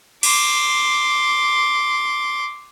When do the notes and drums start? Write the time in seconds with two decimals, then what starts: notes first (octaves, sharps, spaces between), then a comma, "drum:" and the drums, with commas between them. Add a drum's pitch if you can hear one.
0.23 C6 D6, drum: cymbal